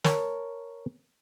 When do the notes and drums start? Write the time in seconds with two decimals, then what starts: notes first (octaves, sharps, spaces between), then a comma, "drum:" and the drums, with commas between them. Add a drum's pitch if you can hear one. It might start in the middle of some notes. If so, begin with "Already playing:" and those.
0.04 A#4 C#5 A5, drum: snare